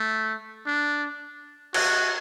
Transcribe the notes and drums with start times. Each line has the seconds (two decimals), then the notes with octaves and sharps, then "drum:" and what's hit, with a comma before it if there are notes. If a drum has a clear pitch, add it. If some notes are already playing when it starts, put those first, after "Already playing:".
Already playing: A3
0.67 D4
1.74 F#4, drum: cymbal